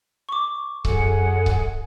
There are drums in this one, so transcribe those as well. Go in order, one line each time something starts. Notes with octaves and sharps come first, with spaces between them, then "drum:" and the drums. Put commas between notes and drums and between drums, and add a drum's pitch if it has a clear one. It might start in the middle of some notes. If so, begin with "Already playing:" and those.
C#6 D6
F#2 G#4 A4 F#5 G#5, drum: kick C#1
drum: kick C#1